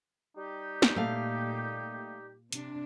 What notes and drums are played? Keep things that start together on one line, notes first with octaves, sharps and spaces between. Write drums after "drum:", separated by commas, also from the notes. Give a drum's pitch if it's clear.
G3 D#4 G4
drum: snare
A#2 A3 F5
C3 D4, drum: hi-hat